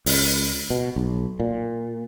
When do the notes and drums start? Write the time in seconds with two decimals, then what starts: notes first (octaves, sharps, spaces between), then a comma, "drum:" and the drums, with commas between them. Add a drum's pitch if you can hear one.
0.06 C#2, drum: open hi-hat
0.70 B2
0.96 B1
1.40 A#2